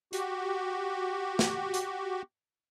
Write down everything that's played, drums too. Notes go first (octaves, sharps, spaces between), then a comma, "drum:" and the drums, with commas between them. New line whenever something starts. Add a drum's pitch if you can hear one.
F#4 G4, drum: hi-hat
drum: snare
drum: hi-hat